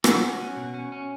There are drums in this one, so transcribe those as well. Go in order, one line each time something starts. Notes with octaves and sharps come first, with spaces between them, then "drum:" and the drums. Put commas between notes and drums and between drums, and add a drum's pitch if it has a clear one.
C#4 F#4, drum: rim click
C#4
C#4
B2
C#4
C#4